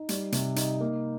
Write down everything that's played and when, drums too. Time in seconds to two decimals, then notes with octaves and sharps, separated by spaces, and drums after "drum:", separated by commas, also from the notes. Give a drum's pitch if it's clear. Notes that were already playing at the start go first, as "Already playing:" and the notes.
Already playing: D#4
0.09 G3, drum: hi-hat
0.32 C3, drum: hi-hat
0.56 D#4, drum: hi-hat
0.80 A#3